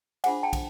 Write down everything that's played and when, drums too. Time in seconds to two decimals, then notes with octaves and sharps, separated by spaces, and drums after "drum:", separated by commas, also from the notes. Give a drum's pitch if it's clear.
0.24 D4 F4 G#4 C5 F#5 G#5, drum: cymbal
0.43 G5 A5
0.53 drum: kick, cymbal